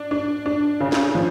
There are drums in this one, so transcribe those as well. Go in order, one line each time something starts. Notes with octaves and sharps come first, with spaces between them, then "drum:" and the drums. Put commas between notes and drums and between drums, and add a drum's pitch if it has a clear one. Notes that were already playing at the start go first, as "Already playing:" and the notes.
Already playing: D4
D4
D4
C#3
drum: snare
F3